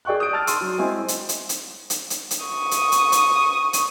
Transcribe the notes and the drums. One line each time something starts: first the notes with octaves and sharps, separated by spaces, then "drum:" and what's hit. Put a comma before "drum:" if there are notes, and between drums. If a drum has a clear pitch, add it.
G#4 D5 G5 C#6 F#6
D#6 G6 D7
A5 E6 F6 A6
C6 D#7, drum: hi-hat
F#3
G#3 C4 E4 G#5 C6
drum: hi-hat
drum: hi-hat
drum: hi-hat
drum: hi-hat
drum: hi-hat
drum: hi-hat
C#6 D#6
drum: hi-hat
drum: hi-hat
drum: hi-hat
drum: hi-hat